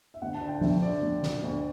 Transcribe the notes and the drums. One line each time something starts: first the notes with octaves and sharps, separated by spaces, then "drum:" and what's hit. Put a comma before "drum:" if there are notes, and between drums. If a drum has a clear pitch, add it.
E5
D2 F#5
A5
D3
G5
D2 E5, drum: tom F3
D3 D5
D2
D3, drum: snare
D2